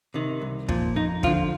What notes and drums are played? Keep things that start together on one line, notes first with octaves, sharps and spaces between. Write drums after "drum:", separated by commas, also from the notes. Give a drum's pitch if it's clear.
C3 D#3
C2
A#2 F3, drum: kick
F2 D#4
D3 F3 F4, drum: kick